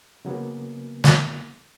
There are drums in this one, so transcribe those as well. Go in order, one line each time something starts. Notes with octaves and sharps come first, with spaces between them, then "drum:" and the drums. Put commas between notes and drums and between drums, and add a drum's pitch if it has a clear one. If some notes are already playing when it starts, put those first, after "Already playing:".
C#3 F#3 A#3 B3
drum: snare